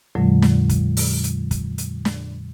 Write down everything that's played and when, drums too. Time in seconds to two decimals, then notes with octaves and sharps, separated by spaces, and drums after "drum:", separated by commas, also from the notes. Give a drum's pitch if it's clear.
0.15 F2 A#2 D3 F#3 G#3
0.42 drum: snare
0.69 drum: kick, hi-hat
0.97 drum: open hi-hat
1.24 drum: hi-hat
1.51 drum: kick, hi-hat
1.78 drum: hi-hat
2.05 drum: snare